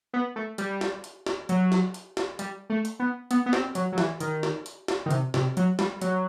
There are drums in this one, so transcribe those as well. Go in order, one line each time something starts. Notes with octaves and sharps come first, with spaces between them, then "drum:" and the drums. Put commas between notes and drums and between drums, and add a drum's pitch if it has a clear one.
B3
A3
G3, drum: hi-hat
drum: snare
drum: hi-hat
drum: snare
F#3, drum: hi-hat
drum: snare
drum: hi-hat
drum: snare
G3, drum: hi-hat
A3
drum: hi-hat
B3
B3, drum: hi-hat
B3
C4, drum: snare
F#3, drum: hi-hat
F#3
E3, drum: snare
D#3, drum: hi-hat
drum: snare
drum: hi-hat
drum: snare
D#3
C3, drum: hi-hat
C3, drum: snare
F#3, drum: hi-hat
G3, drum: snare
F#3, drum: hi-hat